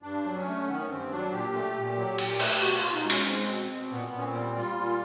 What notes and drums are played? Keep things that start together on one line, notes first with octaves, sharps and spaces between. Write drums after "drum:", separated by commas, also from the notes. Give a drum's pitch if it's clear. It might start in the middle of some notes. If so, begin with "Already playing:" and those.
G2 D4
F#3
C#4
A3
D#3 B3
C#4
G2 C4
F#3 D4
A#2 G4
A3
A#2
F#3
A#2, drum: cymbal
A3, drum: cymbal
B2 F#4
F4
B2
D#4
G#3
C#4, drum: open hi-hat
G#3 C4
B2
B2
A#2 B3
A#2
C#4
C4
G3
G3 F4
A#2